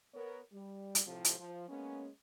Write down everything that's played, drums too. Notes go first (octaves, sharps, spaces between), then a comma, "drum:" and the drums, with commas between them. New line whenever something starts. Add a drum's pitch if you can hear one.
B3 A#4 C#5
G3
drum: hi-hat
A2 C3 F3
drum: hi-hat
F3
G#3 A#3 B3 C#4